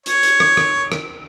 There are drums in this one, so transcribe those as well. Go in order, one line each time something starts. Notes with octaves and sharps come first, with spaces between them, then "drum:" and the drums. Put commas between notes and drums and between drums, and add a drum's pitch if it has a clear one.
C#5, drum: hi-hat
drum: hi-hat
drum: rim click
drum: rim click
drum: rim click